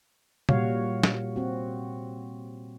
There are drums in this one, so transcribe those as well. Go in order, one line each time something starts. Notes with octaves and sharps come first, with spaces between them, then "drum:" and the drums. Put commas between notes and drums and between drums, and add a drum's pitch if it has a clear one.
A#2 G3 F#4 C#5 F5, drum: tom
drum: snare
C4 F#4